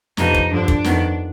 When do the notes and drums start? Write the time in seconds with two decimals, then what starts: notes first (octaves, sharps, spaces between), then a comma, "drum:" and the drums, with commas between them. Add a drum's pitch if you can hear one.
0.17 F2 C3 F3 B3 D4 D#4, drum: snare
0.35 drum: kick
0.51 G2 D3 F3 D4
0.68 drum: kick
0.84 F2 D#3 B3, drum: snare